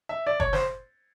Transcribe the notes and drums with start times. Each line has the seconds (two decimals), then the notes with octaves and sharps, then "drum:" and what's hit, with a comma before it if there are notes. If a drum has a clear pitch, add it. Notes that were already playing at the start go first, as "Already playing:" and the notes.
0.09 E5
0.27 D5
0.40 C#5, drum: kick
0.53 C5, drum: snare